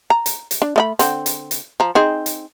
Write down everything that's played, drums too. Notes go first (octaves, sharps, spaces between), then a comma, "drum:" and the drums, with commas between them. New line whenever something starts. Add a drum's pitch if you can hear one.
A#5
drum: hi-hat
drum: hi-hat
D4
A3 D#5 B5
D3 C4, drum: hi-hat
drum: hi-hat
drum: hi-hat
F3 A#5
C4 D#4 G#4
drum: hi-hat